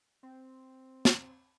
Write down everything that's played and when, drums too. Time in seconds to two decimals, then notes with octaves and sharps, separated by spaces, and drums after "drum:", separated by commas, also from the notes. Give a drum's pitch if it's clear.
0.23 C4
1.05 drum: snare